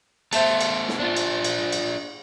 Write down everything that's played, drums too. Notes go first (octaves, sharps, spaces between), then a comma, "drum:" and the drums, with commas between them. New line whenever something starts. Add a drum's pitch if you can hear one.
A3 B3 C5 E5 F5 A5, drum: cymbal
drum: cymbal
drum: snare
D4 F4
drum: cymbal
drum: cymbal
drum: cymbal